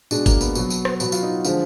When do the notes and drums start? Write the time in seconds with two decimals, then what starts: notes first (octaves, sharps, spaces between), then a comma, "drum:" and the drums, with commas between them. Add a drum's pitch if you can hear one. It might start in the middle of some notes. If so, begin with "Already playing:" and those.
0.11 B2 G#3 D4, drum: tambourine
0.26 A#3, drum: kick, tambourine
0.41 B3, drum: tambourine
0.55 B2 F#3, drum: tambourine
0.70 drum: tambourine
0.85 drum: rim click
1.00 B2 F#3 B3, drum: tambourine
1.12 F4, drum: tambourine
1.23 D#4
1.44 D3 F3 G#3 F4, drum: tambourine